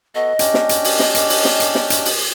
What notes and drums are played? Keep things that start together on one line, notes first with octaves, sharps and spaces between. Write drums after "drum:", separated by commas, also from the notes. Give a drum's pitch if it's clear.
B3 F#4 A4 D#5
C#4 D4 G4, drum: hi-hat
drum: snare
drum: hi-hat
drum: open hi-hat
drum: snare
drum: hi-hat
drum: open hi-hat
drum: snare
drum: hi-hat
drum: snare
drum: hi-hat
drum: open hi-hat